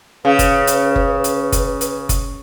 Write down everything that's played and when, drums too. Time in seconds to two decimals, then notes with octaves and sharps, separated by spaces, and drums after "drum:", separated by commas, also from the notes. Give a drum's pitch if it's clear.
0.25 C#3 B4
0.39 drum: kick F#1, hi-hat
0.67 drum: hi-hat
0.96 drum: kick F#1
1.24 drum: hi-hat
1.52 drum: kick F#1, hi-hat
1.81 drum: hi-hat
2.09 drum: kick F#1, hi-hat